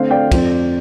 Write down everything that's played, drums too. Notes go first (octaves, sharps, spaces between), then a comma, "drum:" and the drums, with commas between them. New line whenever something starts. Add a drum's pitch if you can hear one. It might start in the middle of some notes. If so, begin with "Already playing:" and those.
Already playing: D3 A3 C4 C5 F5
D5 G5
F2 F3 C4, drum: kick, cymbal